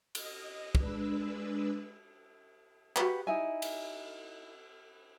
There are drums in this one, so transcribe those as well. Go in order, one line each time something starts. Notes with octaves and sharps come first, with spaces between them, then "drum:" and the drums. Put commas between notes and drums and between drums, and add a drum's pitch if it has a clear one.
D#5, drum: cymbal
G#3 D4 B4 E6, drum: kick
F#4 G4 B4, drum: clap
D#4 E4 G#5
drum: cymbal